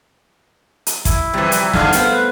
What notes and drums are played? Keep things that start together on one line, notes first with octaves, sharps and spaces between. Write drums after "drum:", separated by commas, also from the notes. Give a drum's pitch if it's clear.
drum: hi-hat
E4, drum: kick, hi-hat
C3 E3 F3 G3
drum: hi-hat
G#2 D3 F5, drum: snare
A3 B3 C4 F5, drum: hi-hat
B4